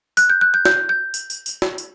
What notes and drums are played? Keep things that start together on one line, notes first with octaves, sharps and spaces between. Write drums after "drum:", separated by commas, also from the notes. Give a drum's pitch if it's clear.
F#6, drum: tambourine
G6
F#6
G6
G6, drum: snare
G6
drum: tambourine
drum: tambourine
drum: tambourine
drum: snare
drum: tambourine